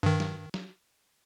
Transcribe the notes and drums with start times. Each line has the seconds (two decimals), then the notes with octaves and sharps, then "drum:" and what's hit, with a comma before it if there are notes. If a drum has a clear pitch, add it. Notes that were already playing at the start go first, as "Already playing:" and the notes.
0.03 G2 D#3
0.20 drum: snare
0.54 drum: snare